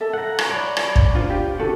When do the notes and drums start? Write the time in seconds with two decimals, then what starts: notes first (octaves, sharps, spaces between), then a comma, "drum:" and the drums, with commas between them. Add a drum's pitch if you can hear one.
0.01 A4 E5
0.14 F#5 A#5
0.39 drum: rim click
0.49 C#5 D5 B5
0.77 drum: rim click
0.96 drum: kick
1.14 D4 F4 C5
1.30 G4
1.60 D3 F#4 A4